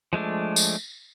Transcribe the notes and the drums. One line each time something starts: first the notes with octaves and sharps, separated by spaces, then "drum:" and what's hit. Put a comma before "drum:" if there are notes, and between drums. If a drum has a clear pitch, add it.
F3 G#3 A3 D4
drum: tambourine